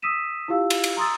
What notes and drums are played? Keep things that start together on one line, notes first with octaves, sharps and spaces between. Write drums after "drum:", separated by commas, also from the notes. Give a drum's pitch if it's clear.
D#6 E6 B6 D#7 E7
E4 F4 G4 F5 E6
drum: cymbal
drum: cymbal
A#5 C6 D#6 E6 A6